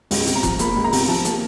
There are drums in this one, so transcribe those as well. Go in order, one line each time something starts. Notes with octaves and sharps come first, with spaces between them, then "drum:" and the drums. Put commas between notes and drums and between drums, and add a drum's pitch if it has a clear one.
C#2, drum: open hi-hat
C3, drum: hi-hat
A#5
F3, drum: kick E1, hi-hat
A#3 B5, drum: hi-hat
C#2
A#5
C3, drum: open hi-hat
F3 A5
A#3, drum: hi-hat